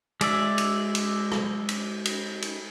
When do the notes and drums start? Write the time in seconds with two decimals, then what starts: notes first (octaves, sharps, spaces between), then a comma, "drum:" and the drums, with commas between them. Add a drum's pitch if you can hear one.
0.21 G#3 D5 E5, drum: cymbal
0.58 drum: cymbal
0.95 drum: cymbal
1.32 drum: rim click
1.69 drum: cymbal
2.05 drum: cymbal
2.42 drum: cymbal